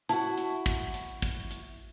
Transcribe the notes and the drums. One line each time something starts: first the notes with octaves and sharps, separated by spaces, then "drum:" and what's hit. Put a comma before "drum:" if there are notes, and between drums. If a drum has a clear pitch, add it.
E4 F#4 A5, drum: hi-hat
drum: hi-hat
drum: kick, hi-hat
drum: hi-hat
drum: kick, hi-hat
drum: hi-hat